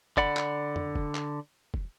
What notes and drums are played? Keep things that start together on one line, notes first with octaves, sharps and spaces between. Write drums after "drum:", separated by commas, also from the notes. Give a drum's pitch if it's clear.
D3 D5 F#5 B5, drum: kick
drum: clap
drum: tom F2
drum: kick
drum: clap
drum: kick